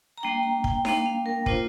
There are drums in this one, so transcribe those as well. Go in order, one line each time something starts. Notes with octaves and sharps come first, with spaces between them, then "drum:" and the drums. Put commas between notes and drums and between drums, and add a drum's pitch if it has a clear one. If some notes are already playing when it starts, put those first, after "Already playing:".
A#5
G3 A#3 D4 G5
A#5
G5, drum: kick
G3 A#3 D4 F5, drum: snare D#4
F5
A#4
A#3 D4 F4 C5, drum: kick